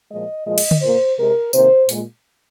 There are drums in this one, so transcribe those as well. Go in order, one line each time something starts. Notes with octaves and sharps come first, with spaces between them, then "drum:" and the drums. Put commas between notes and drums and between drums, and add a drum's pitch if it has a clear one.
A#2 F3 G#3 D#5
A#2 F3 G#3 D#5
drum: cymbal
drum: tom D3
A#2 A#3 C5
C3 G#3 A#4
C3 D#3 A#3 C5, drum: tambourine
A#2 G#3, drum: open hi-hat